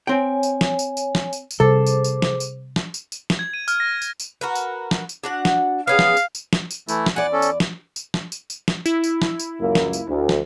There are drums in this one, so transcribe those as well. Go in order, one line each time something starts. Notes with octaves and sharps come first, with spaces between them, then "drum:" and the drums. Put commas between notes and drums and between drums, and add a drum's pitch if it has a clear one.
C4 C#5 G5 G#5
drum: tambourine
drum: snare
drum: tambourine
drum: tambourine
drum: snare
drum: tambourine
drum: tambourine
C3 G3 G#4 A4 C5 D6
drum: tambourine
drum: tambourine
drum: snare
drum: tambourine
drum: snare
drum: tambourine
drum: tambourine
drum: snare
G#6
D#7
F6, drum: tambourine
A#6
drum: tambourine
drum: tambourine
F#4 A#4 B4
drum: tambourine
drum: snare
drum: tambourine
D4 F#4 F#5
drum: snare
B3 C#4 G#4 F5
drum: snare
drum: tambourine
drum: tambourine
drum: snare
drum: tambourine
E3 A3 E4, drum: tambourine
drum: snare
E2 D5 F#5 G#5 F#6
C#4 A4
drum: tambourine
drum: snare
drum: tambourine
drum: snare
drum: tambourine
drum: tambourine
drum: snare
E4, drum: tambourine
drum: tambourine
drum: snare
drum: tambourine
C#2 F#2 A#3
drum: snare
drum: tambourine
D2
drum: snare